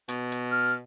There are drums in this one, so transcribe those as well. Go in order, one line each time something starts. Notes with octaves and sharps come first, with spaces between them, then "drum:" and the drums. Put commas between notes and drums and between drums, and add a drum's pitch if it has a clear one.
B2, drum: hi-hat
drum: hi-hat
F6